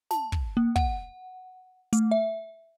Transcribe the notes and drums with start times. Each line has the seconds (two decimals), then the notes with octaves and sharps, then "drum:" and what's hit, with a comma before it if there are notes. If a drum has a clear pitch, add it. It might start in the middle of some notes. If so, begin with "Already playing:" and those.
0.11 A5, drum: snare
0.32 drum: kick
0.57 A#3
0.76 F#5, drum: kick
1.93 A3, drum: hi-hat
2.11 E5